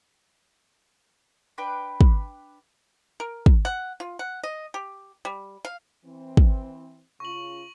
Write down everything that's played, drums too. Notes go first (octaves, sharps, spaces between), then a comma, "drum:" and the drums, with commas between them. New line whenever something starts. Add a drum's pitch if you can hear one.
D4 B4 G5 B5
drum: kick
A#4
drum: kick
F#5
F4
F#5
D#5
G4
G3
F5
E3 C4
drum: kick
C#3 F4 C#6 F#7